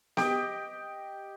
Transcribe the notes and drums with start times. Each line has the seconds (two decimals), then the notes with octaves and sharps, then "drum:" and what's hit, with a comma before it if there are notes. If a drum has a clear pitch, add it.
0.17 G4 D#5 G5, drum: snare B3